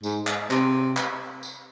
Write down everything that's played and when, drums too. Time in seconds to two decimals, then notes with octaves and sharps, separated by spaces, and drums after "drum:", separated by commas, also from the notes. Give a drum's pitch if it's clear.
0.03 G#2, drum: tambourine
0.27 drum: clap
0.51 C3, drum: clap
0.96 drum: clap
1.43 drum: tambourine